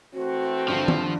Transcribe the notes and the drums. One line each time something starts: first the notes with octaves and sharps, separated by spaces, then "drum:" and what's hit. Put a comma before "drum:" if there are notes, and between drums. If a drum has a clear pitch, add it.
E3 A3 C4 F#4
G2 D3 F3
drum: tom D#3